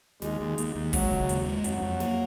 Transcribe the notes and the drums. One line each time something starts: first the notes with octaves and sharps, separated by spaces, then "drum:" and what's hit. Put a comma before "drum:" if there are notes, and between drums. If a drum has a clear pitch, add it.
D#2 G#3, drum: snare
D#2
D#2, drum: hi-hat
D#2
F#3 G#3, drum: kick, open hi-hat
C#3
D#2, drum: hi-hat
G#3
F2 F#3, drum: hi-hat
F2
A#3, drum: snare